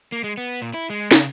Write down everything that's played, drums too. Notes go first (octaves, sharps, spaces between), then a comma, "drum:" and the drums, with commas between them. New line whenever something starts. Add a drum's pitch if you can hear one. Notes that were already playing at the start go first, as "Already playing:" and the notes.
A#3
G#3
B3
A#2
E4
G#3
C#3, drum: snare